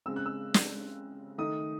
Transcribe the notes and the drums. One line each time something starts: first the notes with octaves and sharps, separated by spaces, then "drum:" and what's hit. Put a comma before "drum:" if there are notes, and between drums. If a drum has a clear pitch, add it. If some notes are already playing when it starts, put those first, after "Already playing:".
C#3 G#3 C4 E6
F#6
E6
drum: snare
D#3 A3 D#4 D#6